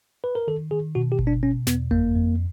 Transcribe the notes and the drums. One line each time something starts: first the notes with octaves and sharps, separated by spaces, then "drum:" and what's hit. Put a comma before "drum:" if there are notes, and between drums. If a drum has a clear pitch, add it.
B4
A#4
D#3 A4
D#3 G#4
B2 F#4
G4
B2, drum: kick G1
D4
B2 C#4
E2 B3, drum: snare
F2 A#3, drum: kick G1
F2